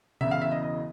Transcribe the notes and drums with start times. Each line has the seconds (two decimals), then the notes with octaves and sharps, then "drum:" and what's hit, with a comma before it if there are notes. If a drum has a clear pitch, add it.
0.21 E1 E2 C#3 E3 E5, drum: tom A#2
0.31 F5
0.42 E5
0.51 D#5
0.63 D#5